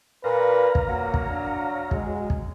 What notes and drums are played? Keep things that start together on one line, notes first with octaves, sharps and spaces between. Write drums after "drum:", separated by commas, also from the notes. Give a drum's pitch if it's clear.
A#2 B4 F5 A#5
drum: kick
F#3 A#3
drum: kick
D4
G#3 F#4, drum: kick
drum: kick